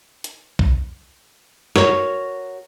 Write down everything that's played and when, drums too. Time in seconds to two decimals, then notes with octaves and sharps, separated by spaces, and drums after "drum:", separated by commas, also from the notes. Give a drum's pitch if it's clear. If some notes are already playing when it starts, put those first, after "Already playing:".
0.24 drum: hi-hat
0.59 drum: kick B1
1.76 F#4 A#4 C#5, drum: snare